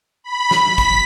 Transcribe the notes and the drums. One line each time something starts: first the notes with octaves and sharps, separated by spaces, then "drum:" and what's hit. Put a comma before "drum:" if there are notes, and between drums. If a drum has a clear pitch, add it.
B5
drum: snare
B6
drum: kick, hi-hat